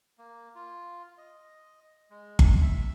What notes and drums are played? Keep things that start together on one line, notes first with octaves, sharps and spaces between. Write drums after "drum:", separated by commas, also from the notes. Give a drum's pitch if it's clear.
A#3
F4
D#5
G#3
drum: kick G1
E5